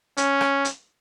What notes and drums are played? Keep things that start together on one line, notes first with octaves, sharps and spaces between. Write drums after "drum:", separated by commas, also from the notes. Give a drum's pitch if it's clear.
C#4, drum: hi-hat
drum: rim click
drum: hi-hat